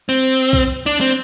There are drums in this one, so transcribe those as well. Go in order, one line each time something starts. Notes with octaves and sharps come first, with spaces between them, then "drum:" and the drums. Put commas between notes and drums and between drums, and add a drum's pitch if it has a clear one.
C4
drum: kick B1
D4
C4